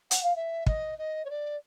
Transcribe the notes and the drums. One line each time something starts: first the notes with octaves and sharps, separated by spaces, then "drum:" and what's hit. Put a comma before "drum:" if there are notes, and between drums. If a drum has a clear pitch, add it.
F#5, drum: hi-hat
F5
E5
D#5, drum: kick
D#5
C#5
D5